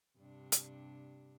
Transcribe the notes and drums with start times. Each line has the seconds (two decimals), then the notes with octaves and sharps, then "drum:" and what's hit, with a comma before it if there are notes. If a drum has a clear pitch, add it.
0.17 G2 C3 D4
0.52 drum: hi-hat